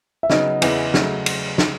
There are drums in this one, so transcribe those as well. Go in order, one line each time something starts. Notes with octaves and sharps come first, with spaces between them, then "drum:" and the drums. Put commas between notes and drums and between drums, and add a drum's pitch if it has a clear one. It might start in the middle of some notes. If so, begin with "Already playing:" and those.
E5
C#3 F#3 B3 D#4 D#5, drum: snare
E2 C#3 E3 B3 E4, drum: cymbal
C#3 F#3 A3, drum: snare
drum: cymbal
drum: snare